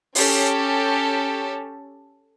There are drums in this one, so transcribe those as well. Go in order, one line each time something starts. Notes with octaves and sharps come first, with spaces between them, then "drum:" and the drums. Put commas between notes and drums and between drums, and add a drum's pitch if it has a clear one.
C#4 G4 A4, drum: open hi-hat